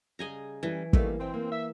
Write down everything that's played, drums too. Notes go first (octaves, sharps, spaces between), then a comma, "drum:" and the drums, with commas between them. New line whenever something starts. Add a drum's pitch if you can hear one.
C#3 G3 G#4 D#5 G#5 A#5
E3 G3 C#4 A4
D3 D#3 G3 A3 A#3 F5, drum: kick
B2 C4 E4 G5
A#3
E5